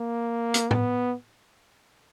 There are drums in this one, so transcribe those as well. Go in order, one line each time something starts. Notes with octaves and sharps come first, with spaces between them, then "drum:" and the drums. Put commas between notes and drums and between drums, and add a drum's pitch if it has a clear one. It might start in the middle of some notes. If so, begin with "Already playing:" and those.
Already playing: A#3
drum: hi-hat
B3, drum: tom